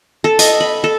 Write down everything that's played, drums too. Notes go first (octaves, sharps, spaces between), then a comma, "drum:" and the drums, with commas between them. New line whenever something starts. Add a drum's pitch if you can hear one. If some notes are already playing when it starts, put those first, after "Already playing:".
A4
D#5, drum: hi-hat
B5
A4